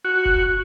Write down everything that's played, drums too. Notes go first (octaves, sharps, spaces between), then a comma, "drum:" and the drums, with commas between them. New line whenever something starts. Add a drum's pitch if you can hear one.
F#4
drum: kick F1